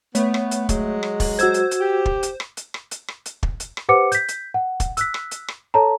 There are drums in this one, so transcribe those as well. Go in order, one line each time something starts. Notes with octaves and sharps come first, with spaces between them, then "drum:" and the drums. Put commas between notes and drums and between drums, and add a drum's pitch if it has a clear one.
A3 B3 C#5, drum: hi-hat
drum: rim click
drum: hi-hat
F#3 G#3, drum: kick, hi-hat
drum: rim click
drum: kick, open hi-hat
F#4 C5 E6 G#6, drum: hi-hat
drum: hi-hat
drum: hi-hat
G4
drum: kick
drum: hi-hat
drum: rim click
drum: hi-hat
drum: rim click
drum: hi-hat
drum: rim click
drum: hi-hat
drum: kick
drum: hi-hat
drum: rim click
G4 B4 C5 F#5 D6 C#7
G6 B6, drum: hi-hat
drum: hi-hat
F#5
drum: kick, hi-hat
E6 F#6 B6, drum: hi-hat
drum: rim click
drum: hi-hat
drum: rim click
A4 C#5 A5 A#5